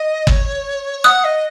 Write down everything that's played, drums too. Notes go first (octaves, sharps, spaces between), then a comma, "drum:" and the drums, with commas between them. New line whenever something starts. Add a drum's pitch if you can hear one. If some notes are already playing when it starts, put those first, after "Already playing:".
Already playing: D#5
C#5, drum: kick
F#5 D#6 F#6
D#5